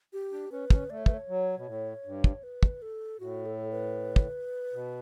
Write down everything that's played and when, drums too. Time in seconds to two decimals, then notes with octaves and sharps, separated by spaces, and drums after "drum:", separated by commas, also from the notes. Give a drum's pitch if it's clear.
0.13 G4
0.32 D4
0.51 C#4 B4
0.70 C#4, drum: kick
0.90 A3 D5
0.98 C#5
1.06 B4, drum: kick
1.14 C#5
1.28 F#3
1.57 B2
1.67 A2
2.06 G2
2.24 drum: kick
2.43 B4
2.63 drum: kick
2.82 A4
3.20 A2 F#4
3.46 A4
3.72 B4
4.16 drum: kick
4.73 B2